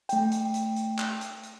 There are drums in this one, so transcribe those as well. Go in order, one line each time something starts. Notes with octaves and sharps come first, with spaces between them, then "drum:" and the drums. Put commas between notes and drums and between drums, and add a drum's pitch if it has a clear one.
A3 G5, drum: hi-hat
drum: hi-hat
drum: hi-hat
drum: hi-hat
drum: clap
drum: hi-hat
drum: hi-hat